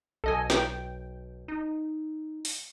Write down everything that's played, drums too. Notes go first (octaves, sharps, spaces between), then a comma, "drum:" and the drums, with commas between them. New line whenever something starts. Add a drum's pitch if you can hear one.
B1 A4 D#5 G#5
G5, drum: snare
D#4
drum: open hi-hat